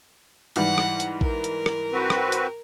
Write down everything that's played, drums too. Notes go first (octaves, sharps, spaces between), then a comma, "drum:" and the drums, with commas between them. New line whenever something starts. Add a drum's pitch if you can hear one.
G#2 E3 G3 F#5, drum: hi-hat
drum: rim click
drum: hi-hat
A#4, drum: kick A1
drum: hi-hat
drum: rim click
C4 F#4 B4
drum: rim click
drum: hi-hat